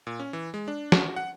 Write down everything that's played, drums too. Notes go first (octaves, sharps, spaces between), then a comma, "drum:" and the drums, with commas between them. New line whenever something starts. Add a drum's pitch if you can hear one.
A#2
C#4
E3
G#3
D4
F#4, drum: snare
F#5